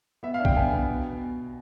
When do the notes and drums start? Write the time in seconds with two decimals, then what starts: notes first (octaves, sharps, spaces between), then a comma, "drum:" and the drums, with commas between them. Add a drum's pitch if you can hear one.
0.23 B3 E5
0.34 F5
0.40 D4
0.45 G5, drum: kick
0.56 B3 G#5
0.72 B3
0.89 B2